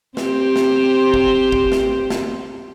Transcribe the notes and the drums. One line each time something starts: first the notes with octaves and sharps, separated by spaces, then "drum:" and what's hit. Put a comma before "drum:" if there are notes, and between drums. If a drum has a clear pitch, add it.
C4 G4 C5, drum: snare
drum: snare
drum: kick
drum: kick
drum: snare
drum: snare